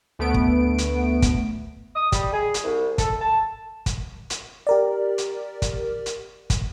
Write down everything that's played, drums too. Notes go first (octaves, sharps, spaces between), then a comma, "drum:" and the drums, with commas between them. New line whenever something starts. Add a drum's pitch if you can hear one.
D2 A3 B3 D7
drum: kick
drum: hi-hat
drum: kick, hi-hat
D#6
G3, drum: kick, hi-hat
G#4
drum: hi-hat
C2
A4, drum: kick, hi-hat
A5
drum: kick, hi-hat
drum: hi-hat
G4 A#4 D5
drum: hi-hat
drum: kick, hi-hat
drum: hi-hat
drum: kick, hi-hat